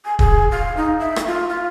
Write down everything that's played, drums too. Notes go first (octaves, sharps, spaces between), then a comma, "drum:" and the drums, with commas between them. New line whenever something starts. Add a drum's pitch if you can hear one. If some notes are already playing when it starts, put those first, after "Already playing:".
G#5
G#4, drum: kick
F5
D#4
E5
drum: rim click
F4
F4